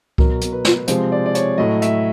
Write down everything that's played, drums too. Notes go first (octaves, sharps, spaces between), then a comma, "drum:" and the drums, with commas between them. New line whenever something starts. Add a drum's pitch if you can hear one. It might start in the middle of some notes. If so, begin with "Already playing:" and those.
B2 F#3 A#4, drum: kick C2
drum: hi-hat
B4
drum: snare
C3 F3 G#3 C5, drum: hi-hat
D5
D5
C#5, drum: hi-hat
A2 F#3 D#5
E5, drum: hi-hat